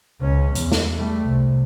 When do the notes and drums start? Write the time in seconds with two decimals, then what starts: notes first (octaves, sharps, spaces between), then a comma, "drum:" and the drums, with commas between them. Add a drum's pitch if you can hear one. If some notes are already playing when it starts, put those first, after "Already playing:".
0.21 C#2 C#4
0.55 E2, drum: hi-hat
0.72 drum: snare
0.97 G3 A3
1.26 C2